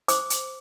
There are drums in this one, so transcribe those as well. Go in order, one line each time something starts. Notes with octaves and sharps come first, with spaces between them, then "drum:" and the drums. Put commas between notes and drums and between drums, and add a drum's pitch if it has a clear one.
C5 D6, drum: hi-hat
drum: hi-hat